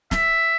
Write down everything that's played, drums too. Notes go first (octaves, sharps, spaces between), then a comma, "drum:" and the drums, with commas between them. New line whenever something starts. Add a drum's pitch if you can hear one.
E5, drum: snare